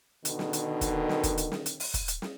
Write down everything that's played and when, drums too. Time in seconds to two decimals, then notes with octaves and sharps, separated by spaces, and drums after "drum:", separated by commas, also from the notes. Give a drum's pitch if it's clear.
0.25 B2 D3 D#3, drum: hi-hat
0.39 drum: snare
0.53 drum: hi-hat
0.81 drum: kick, hi-hat
1.09 drum: snare
1.23 drum: kick, hi-hat
1.37 drum: hi-hat
1.52 drum: snare
1.66 drum: hi-hat
1.80 drum: open hi-hat
1.94 drum: kick, hi-hat
2.08 drum: hi-hat
2.22 drum: snare